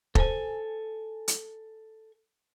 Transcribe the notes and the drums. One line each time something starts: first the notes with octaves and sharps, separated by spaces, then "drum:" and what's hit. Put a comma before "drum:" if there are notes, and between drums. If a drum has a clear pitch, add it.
A4 C5 G#5 A5, drum: kick
drum: hi-hat